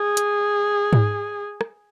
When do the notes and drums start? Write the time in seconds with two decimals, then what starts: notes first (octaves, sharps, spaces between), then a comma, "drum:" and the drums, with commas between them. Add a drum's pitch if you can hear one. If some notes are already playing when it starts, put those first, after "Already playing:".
Already playing: G#4
0.17 drum: hi-hat
0.93 drum: tom G#2
1.61 drum: rim click